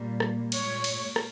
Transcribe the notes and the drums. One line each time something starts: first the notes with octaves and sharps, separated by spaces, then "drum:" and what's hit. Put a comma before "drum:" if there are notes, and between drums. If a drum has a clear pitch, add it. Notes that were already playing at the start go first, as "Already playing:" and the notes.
Already playing: A#2 G3 A#3
drum: rim click
A#2 G#3 C#5, drum: cymbal
drum: cymbal
drum: rim click